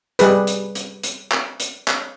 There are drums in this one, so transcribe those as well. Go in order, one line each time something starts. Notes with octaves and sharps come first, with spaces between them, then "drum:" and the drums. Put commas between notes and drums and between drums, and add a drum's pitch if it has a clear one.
G3 G#4 B4, drum: hi-hat
drum: hi-hat
drum: hi-hat
drum: hi-hat
drum: clap
drum: hi-hat
drum: clap